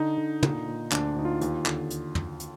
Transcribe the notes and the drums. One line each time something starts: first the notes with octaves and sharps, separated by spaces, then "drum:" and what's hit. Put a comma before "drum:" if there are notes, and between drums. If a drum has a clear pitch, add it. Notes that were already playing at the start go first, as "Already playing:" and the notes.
Already playing: D3 D#4
D3
A#2, drum: tom
A#2
D2 D4, drum: clap
D2 D#4
F4
D#2, drum: hi-hat
D3, drum: clap
drum: hi-hat
drum: tom
drum: hi-hat